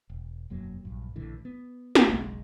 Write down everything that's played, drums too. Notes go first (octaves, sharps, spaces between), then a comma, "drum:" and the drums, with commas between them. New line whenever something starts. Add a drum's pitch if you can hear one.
E1
E1 F#2 F#3 A#3
A#1 G2 F#3
A#1 A2 D3 E3
B3
drum: snare
F#1 B1 G#3